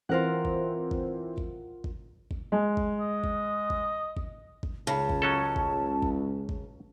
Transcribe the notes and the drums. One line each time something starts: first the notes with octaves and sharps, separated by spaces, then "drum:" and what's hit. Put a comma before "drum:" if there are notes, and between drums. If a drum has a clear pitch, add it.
E3 C4 F4 A#4 F#5
drum: kick G#1
drum: kick G#1
drum: kick G#1
drum: kick G#1
drum: kick G#1
G#3
drum: kick G#1
D#5
drum: kick G#1
drum: kick G#1
drum: kick G#1
drum: kick G#1
C#2 C#3 A5
drum: kick G#1
F#3 C#4 A4
drum: kick G#1
drum: kick G#1
drum: kick G#1